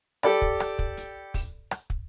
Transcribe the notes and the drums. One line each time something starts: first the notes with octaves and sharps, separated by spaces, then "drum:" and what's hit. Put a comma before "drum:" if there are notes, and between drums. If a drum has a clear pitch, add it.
G4 A4 D5 B5, drum: rim click
drum: kick
drum: rim click
drum: kick
drum: hi-hat
drum: kick, open hi-hat
drum: rim click
drum: kick